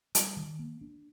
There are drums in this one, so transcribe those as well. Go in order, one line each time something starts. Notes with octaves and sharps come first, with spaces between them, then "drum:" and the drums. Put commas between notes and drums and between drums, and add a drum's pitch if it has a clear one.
G3, drum: hi-hat
D#3
A#3
D4